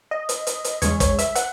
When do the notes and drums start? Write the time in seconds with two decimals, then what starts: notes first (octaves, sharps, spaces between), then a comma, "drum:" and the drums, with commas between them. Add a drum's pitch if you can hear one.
0.11 D#5
0.29 drum: hi-hat
0.47 drum: hi-hat
0.64 drum: hi-hat
0.82 E2 C#3 G#3 C#4 C#5, drum: hi-hat
1.00 C#5, drum: kick, hi-hat
1.19 E5, drum: hi-hat
1.35 F#5, drum: hi-hat